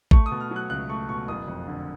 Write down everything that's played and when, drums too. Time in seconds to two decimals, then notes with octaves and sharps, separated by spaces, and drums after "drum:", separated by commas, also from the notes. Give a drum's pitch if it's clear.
0.11 A3 C#6, drum: kick
0.26 D#6
0.31 B2
0.40 F6
0.51 F#3
0.56 F#6
0.70 C#2 F#6
0.89 A3 C#6
1.09 B2 C#6
1.28 F#1 D#6
1.48 F2
1.68 D3